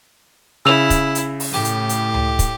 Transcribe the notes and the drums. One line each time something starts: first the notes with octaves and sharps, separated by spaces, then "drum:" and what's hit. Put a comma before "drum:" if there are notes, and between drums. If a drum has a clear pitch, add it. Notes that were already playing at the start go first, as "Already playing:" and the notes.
C#3 E4 E6 F7
drum: kick, hi-hat
drum: hi-hat
drum: open hi-hat
A2 G4
drum: hi-hat
drum: hi-hat
drum: tom C#2
drum: kick, hi-hat